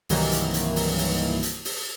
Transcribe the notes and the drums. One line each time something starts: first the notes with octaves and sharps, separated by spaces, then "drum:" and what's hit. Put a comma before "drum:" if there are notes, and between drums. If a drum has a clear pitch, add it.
C2 G2 D#3 E3 F#3 A#3, drum: open hi-hat
drum: hi-hat
drum: hi-hat
drum: open hi-hat
drum: open hi-hat
drum: hi-hat
drum: open hi-hat